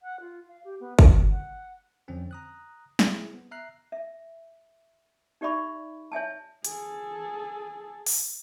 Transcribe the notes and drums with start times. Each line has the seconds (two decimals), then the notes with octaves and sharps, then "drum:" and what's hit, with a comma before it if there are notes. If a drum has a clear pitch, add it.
0.02 F#5
0.20 F4
0.48 F5
0.65 G4
0.80 B3
0.99 F#4, drum: kick
1.31 F#5
2.08 F2 D3 F3 C4 C#4
2.31 A#5 D#6 F#6
2.99 E4 G#4 C5, drum: snare
3.34 B3
3.51 E5 A#5 F6 F#6 C7
3.92 E5
5.41 D#4 G4 D5 E5 B5 C#6
6.12 C#5 E5 G#5 A5
6.65 G#4 A4, drum: hi-hat
8.06 drum: open hi-hat